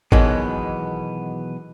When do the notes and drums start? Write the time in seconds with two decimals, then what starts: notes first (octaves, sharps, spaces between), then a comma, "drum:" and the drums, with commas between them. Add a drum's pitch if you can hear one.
0.12 B2 D#3 E3 F#3 G#3 B3, drum: kick G#1